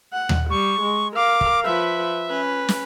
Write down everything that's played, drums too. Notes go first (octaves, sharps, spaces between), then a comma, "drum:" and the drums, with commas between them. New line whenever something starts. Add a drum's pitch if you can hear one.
F#5
drum: tom D#2
G3 C#6
G#3
A#4 F5 D6
drum: kick
F3 B4 E5
C#4 B4
drum: snare